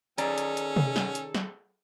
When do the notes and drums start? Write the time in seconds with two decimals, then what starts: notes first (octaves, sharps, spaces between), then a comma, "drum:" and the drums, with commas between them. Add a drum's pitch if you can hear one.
0.18 D#3 C#4 G#4 A4 D5 A#5, drum: hi-hat
0.38 drum: hi-hat
0.57 drum: hi-hat
0.76 drum: tom C3
0.96 drum: snare
1.15 drum: hi-hat
1.35 drum: snare